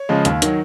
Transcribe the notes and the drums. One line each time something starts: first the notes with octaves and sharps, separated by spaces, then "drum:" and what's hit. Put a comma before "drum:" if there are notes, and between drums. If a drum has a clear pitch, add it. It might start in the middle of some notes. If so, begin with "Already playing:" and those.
Already playing: C#5
C#3 F3 G#3
D#2, drum: hi-hat
D#3 F#3, drum: hi-hat